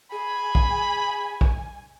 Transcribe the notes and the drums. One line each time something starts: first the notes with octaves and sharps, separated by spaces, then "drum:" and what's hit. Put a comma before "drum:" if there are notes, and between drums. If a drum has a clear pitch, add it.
G#4 G#5 B5
drum: kick
drum: kick